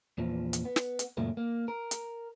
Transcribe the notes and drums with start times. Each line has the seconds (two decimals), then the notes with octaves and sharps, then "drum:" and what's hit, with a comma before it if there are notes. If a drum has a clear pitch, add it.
0.18 E2 A#2 F3
0.53 drum: hi-hat
0.65 B3
0.76 drum: snare
0.99 drum: hi-hat
1.17 C#2 F#2 A#2 A3 A#3
1.37 A#3
1.68 A#4
1.91 drum: hi-hat